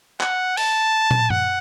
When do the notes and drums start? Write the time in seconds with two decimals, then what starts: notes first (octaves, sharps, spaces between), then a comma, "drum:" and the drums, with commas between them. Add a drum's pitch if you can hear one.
0.21 F#5, drum: clap
0.57 A5, drum: open hi-hat
1.11 drum: tom
1.30 F#5, drum: tom